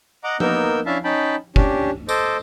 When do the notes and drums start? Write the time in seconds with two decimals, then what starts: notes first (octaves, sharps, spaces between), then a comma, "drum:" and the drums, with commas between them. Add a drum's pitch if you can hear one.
0.24 D#5 F#5 A#5 D6
0.40 A#3 B3 D#4 A#4 E6 G6, drum: tom F3
0.86 C#4 D4 E4 E5 F5 A5
1.04 C#4 D#4 G5 A5 B5
1.56 C#4 D4 G4, drum: kick
2.09 A4 C5 D#5 D6, drum: tambourine